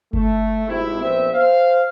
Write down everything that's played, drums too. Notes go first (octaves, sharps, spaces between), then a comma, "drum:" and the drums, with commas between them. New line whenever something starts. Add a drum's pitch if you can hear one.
A3, drum: kick G1
G#1 C3 E4
A#1 B3 C4 E5
C5 F5